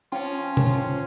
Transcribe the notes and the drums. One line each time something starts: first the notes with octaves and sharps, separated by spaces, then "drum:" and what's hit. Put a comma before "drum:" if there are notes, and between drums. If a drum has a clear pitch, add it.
F3 C#4 F4 G5
drum: tom